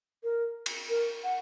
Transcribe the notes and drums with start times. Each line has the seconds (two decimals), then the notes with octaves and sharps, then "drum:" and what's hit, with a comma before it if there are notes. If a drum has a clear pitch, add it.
0.24 A#4
0.66 drum: cymbal
0.89 A#4
1.24 F#5